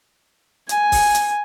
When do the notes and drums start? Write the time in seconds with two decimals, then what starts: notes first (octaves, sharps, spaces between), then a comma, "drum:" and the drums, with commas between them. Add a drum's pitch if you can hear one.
0.69 G#5, drum: hi-hat
0.92 drum: kick, open hi-hat
1.15 drum: hi-hat